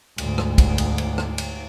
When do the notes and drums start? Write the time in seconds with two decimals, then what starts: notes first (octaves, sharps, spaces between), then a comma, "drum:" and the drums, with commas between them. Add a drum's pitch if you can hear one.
0.18 D2 G#2, drum: cymbal
0.38 drum: rim click
0.58 drum: kick, cymbal
0.78 drum: cymbal
0.98 drum: cymbal
1.18 drum: rim click
1.38 drum: cymbal